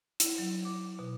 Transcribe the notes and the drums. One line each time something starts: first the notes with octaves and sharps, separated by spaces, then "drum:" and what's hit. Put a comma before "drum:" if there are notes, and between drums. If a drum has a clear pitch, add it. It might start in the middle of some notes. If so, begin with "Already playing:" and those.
E4, drum: hi-hat
F#3
D6
B2